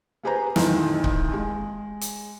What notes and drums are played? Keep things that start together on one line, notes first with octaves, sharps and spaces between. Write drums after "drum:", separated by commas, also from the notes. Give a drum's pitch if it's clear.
A#3 G4 G#4 B4 C5 A#5
F2 A#2 D#3 E3 A3 E4, drum: snare
drum: kick C#1
G#3
drum: hi-hat